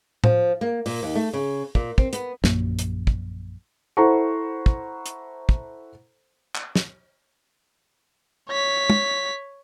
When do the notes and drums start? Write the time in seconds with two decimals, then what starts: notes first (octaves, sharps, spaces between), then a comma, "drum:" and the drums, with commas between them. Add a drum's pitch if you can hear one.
0.24 F3, drum: tom
0.61 A#3
0.86 A#2, drum: open hi-hat
1.03 D#2
1.16 A3
1.33 C#3
1.75 A#2, drum: kick
1.98 C4, drum: kick
2.13 B3, drum: hi-hat
2.44 A#1 F#2 A#3, drum: snare
2.79 drum: hi-hat
3.07 drum: kick
3.97 E4 A4 C5 F#5 A#5 C#6
4.66 drum: kick
5.06 drum: hi-hat
5.49 drum: kick
6.55 drum: clap
6.76 drum: snare
8.49 C#5 B6
8.90 drum: tom